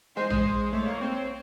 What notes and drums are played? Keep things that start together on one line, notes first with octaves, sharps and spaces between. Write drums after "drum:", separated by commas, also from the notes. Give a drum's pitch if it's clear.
G#3 C5
G#3, drum: tom A#1
A3 C#5
A#3
C4